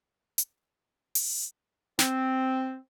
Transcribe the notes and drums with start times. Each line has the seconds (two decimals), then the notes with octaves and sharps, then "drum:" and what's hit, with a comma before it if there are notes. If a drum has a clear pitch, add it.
0.38 drum: hi-hat
1.15 drum: open hi-hat
1.99 C4, drum: snare